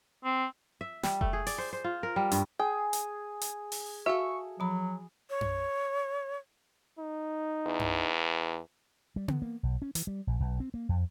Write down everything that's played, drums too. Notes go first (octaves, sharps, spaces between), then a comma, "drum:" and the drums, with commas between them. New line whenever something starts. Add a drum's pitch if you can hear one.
C4
E5
G3, drum: snare
A3, drum: kick F1
G#4
D5, drum: open hi-hat
C5
C5
F4
A#4
G3
G2, drum: hi-hat
G#4 G5
drum: hi-hat
drum: hi-hat
drum: open hi-hat
F#4 A4 E5 F5 C#6
F3 F#3 B5
C#5
drum: tom F#2
D#4
E2
drum: tom F#2
G3
D3, drum: tom B3
A#3
B1
C#4
E3, drum: hi-hat
G3
A#1
B1
C4
A#3
F2